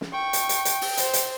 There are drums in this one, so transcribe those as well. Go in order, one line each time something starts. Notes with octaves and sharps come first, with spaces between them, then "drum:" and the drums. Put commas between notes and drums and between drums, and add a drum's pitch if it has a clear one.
drum: snare
G5 C#6
drum: hi-hat
drum: hi-hat
drum: hi-hat
drum: open hi-hat
C5, drum: hi-hat
drum: hi-hat